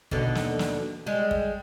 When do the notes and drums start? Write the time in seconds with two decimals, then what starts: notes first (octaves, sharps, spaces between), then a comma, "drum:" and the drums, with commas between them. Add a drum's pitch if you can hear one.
0.11 D#2 B2 D3, drum: kick
0.35 drum: snare
0.59 drum: snare
1.06 G3 G#3
1.31 drum: kick